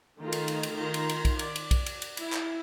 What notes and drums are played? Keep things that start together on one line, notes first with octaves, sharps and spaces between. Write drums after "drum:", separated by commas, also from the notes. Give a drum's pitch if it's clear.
D#3 A3 D#4 F4 A#5
drum: cymbal
drum: cymbal
drum: cymbal
D#3 F4 A#5 C6
drum: cymbal
drum: cymbal
drum: kick B1, cymbal
D5, drum: cymbal
drum: cymbal
drum: kick B1, cymbal
drum: cymbal
drum: cymbal
E4, drum: cymbal
drum: clap